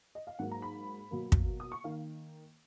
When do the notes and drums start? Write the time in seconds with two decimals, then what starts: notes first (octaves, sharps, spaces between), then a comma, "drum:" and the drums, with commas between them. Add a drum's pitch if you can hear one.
0.15 D#5
0.27 F5
0.39 G#2 F#3 A#3 F#5
0.51 A#5
0.62 B5
1.11 B2 F#3 A#3
1.32 drum: kick
1.60 D#6
1.72 C#6
1.84 D#3 A#3 F5